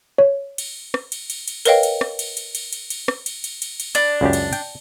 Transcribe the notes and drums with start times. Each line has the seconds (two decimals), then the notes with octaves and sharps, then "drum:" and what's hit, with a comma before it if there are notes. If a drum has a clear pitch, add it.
0.18 C#5
0.58 drum: cymbal
0.94 drum: rim click
1.12 drum: cymbal
1.30 drum: cymbal
1.48 drum: cymbal
1.65 A#4 B4 C#5 D#5 F5 G5, drum: cymbal
1.83 drum: cymbal
2.01 drum: rim click
2.19 drum: cymbal
2.37 drum: cymbal
2.55 drum: cymbal
2.73 drum: cymbal
2.90 drum: cymbal
3.08 drum: rim click
3.26 drum: cymbal
3.44 drum: cymbal
3.62 drum: cymbal
3.80 drum: cymbal
3.95 D4, drum: cymbal
4.21 C#2 F#2 G4
4.33 drum: cymbal
4.53 G5, drum: cymbal